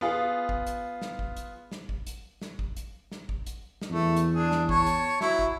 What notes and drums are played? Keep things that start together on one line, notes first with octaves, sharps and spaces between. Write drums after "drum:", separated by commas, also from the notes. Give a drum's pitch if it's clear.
B3 F4 G#4
drum: kick
drum: hi-hat
drum: snare
drum: kick
drum: hi-hat
drum: snare
drum: kick
drum: hi-hat
drum: snare
drum: kick
drum: hi-hat
drum: snare
drum: kick
drum: hi-hat
drum: snare
E2 A3
drum: hi-hat
D4 G#4
drum: snare
C#5 A5, drum: kick
drum: hi-hat
F#3 E4, drum: snare
drum: kick